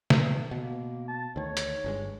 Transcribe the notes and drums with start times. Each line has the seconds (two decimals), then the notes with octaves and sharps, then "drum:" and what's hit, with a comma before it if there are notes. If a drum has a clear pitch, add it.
0.10 drum: snare
0.51 B2 A#3
1.08 A5
1.36 D2 D#3 C#5
1.57 drum: hi-hat
1.84 G1 G2 G#3